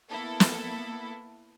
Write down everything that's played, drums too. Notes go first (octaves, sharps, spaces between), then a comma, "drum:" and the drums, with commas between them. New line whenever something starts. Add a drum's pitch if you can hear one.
A#3 B3 E4 A4
drum: snare